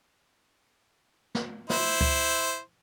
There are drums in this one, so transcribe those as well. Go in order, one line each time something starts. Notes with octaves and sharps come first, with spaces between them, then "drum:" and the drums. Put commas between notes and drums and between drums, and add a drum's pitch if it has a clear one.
drum: snare
E4 C5, drum: snare
drum: kick C#2